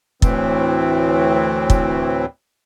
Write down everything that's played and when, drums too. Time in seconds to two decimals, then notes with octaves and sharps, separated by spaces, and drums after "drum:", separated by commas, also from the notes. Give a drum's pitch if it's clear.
0.22 D2 A2 E3 C4, drum: kick
1.70 drum: kick